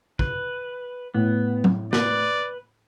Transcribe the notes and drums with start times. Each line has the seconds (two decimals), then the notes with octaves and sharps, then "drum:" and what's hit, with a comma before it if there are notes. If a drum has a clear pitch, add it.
0.19 B4, drum: kick
1.14 A2 B3
1.64 drum: tom F#3
1.93 B4 D5, drum: snare